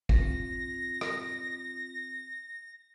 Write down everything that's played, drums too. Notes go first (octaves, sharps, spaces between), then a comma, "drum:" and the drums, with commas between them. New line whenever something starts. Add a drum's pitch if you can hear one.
C4 F4 A#6, drum: kick
drum: rim click